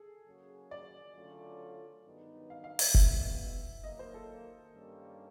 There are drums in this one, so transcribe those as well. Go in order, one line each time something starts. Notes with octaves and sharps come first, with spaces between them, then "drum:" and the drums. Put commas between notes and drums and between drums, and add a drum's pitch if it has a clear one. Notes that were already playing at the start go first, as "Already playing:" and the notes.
Already playing: G#4 A4
C#3 F#3 A#3 C#4 F#4
D5
D3 F#3 A3 C#4 F4
G2 D#3 F#3 B3 D#4
F5
F5
E5, drum: open hi-hat
B2 G#3 B3 D#4 E5, drum: kick F1
D#3 F#3 A#3 D#5
C5
A4
G2 D#3 G3 A#3 C#4